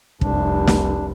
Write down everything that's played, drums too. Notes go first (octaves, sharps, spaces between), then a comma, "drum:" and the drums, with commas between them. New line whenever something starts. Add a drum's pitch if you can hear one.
F1 C2 D4, drum: kick
drum: snare